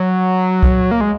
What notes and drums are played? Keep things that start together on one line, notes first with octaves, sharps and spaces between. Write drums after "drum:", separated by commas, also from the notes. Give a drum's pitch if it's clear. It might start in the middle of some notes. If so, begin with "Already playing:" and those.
Already playing: F#3
drum: kick C2
A#3
G#3